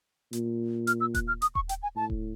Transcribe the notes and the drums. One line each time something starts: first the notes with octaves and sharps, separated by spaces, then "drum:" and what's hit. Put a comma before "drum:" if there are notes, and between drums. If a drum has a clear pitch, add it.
A#2, drum: hi-hat
F6, drum: hi-hat
E6
F#6, drum: kick D#1, hi-hat
F6
D#6, drum: hi-hat
C#6, drum: kick D#1
G5, drum: hi-hat
G#5
A2 A5
drum: kick D#1